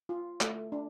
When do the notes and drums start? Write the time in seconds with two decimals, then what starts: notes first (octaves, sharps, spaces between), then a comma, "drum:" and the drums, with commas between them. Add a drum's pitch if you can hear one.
0.09 F4
0.41 A3, drum: clap
0.72 D4